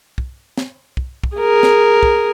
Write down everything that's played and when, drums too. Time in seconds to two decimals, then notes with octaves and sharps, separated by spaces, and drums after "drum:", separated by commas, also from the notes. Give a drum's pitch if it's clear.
0.18 drum: kick
0.58 drum: snare
0.97 drum: kick
1.23 drum: kick
1.37 G#4 A#4
1.63 drum: snare
2.03 drum: kick